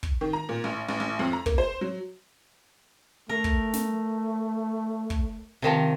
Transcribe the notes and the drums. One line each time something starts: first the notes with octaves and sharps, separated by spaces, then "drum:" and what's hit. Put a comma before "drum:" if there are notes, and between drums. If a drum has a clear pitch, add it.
drum: kick
D#3
A#5
A#2
A1
A1
A1
F2
A#5
A#3, drum: kick
C5
F#3
A3 A#4
drum: kick
drum: snare
drum: kick
C3 D#3 F3